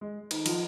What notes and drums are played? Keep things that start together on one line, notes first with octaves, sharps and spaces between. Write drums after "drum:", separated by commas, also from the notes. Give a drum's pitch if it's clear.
G#3
D#3, drum: cymbal
F3, drum: cymbal